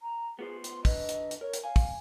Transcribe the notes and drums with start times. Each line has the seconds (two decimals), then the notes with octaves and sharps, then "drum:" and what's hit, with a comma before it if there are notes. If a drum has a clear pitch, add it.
0.02 A#5
0.39 B3 F4 G#4 C5
0.64 C6, drum: hi-hat
0.85 D3 B4 D#5, drum: kick, open hi-hat
1.09 drum: hi-hat
1.31 drum: hi-hat
1.41 A#4 C#5
1.53 drum: hi-hat
1.64 F5 G#5
1.76 drum: kick, open hi-hat